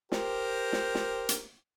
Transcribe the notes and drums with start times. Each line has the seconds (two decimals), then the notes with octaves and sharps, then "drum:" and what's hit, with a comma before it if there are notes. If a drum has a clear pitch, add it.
0.12 G4 A#4 C5, drum: snare
0.73 drum: snare
0.95 drum: snare
1.29 drum: hi-hat